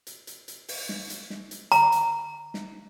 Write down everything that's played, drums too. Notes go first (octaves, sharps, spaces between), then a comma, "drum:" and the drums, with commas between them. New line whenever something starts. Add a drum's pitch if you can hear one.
drum: hi-hat
drum: hi-hat
drum: hi-hat
drum: open hi-hat
drum: snare
drum: hi-hat
drum: snare
drum: hi-hat
A#5, drum: hi-hat
drum: hi-hat
drum: snare